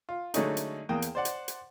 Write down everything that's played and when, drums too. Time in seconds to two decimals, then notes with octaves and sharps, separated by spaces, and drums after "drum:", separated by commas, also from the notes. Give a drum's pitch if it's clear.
0.09 F4
0.34 D3 F#3 G#3 A3 C#4 D#4, drum: hi-hat
0.57 drum: hi-hat
0.89 E2 A#3 G5 D#6
1.02 drum: hi-hat
1.15 C5 D5 F#5
1.25 drum: hi-hat
1.48 drum: hi-hat